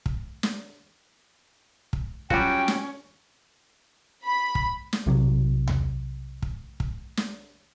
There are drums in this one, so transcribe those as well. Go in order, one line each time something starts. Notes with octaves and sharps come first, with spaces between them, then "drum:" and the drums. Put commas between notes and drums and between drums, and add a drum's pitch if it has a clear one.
drum: kick
drum: snare
drum: kick
F#3 G3 C#4 F4 F#4 G5, drum: kick
drum: snare
B5
drum: kick
drum: snare
B1 C3 F#3
drum: tom D#2
drum: kick
drum: kick
drum: snare